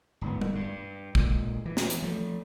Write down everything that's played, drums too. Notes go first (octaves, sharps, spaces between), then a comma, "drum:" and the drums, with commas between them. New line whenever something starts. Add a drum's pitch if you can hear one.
D1 G#2 B3
drum: tom G3
G2
A#2 G#3, drum: kick
E3
drum: snare
drum: hi-hat
F3 A3